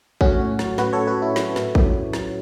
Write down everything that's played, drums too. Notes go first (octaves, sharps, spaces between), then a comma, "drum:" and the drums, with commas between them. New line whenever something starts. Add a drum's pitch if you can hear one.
A3 C#4 F#4, drum: kick A1
A2
F#3, drum: snare
A2 F#4 B4, drum: snare
A3 A4 C#5
F#4 B4
A2 E4 A4
F#3, drum: snare
A2, drum: snare
A3, drum: kick A1
A2
F#3, drum: snare